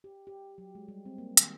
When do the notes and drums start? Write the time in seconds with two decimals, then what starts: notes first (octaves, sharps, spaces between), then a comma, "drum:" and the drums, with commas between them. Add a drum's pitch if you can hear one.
0.04 G4
0.27 G4
0.58 F#3
0.75 G#3
0.88 G3
1.05 C4
1.18 A#3
1.37 D#3, drum: hi-hat